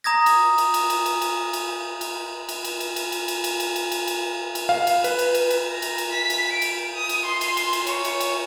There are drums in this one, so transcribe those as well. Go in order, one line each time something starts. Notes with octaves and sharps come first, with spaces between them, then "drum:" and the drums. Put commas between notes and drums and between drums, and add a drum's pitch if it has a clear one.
A#5 D#6 G#6 A#6
drum: cymbal
drum: cymbal
drum: cymbal
drum: cymbal
drum: cymbal
drum: cymbal
drum: cymbal
drum: cymbal
drum: cymbal
drum: cymbal
drum: cymbal
drum: cymbal
drum: cymbal
drum: cymbal
drum: cymbal
drum: cymbal
drum: cymbal
drum: cymbal
drum: cymbal
drum: cymbal
F5
drum: cymbal
B4, drum: cymbal
drum: cymbal
drum: cymbal
drum: cymbal
A#5
drum: cymbal
drum: cymbal
B6
drum: cymbal
D7
drum: cymbal
D#6
drum: cymbal
C6
drum: cymbal
drum: cymbal
drum: cymbal
C#5, drum: cymbal
drum: cymbal
drum: cymbal